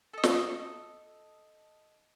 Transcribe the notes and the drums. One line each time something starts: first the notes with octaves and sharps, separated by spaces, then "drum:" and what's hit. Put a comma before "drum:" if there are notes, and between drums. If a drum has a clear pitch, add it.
A4 D#5
drum: snare